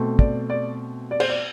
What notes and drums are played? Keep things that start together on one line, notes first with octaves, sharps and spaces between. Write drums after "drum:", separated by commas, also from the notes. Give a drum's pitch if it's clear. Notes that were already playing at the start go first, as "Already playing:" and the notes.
Already playing: B2 A3 C4
D5, drum: kick
D5
D5
C5, drum: cymbal
D5